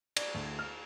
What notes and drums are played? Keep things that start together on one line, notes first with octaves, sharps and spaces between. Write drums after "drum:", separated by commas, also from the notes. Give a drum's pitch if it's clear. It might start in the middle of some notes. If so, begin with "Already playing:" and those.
D5, drum: cymbal
D2
F6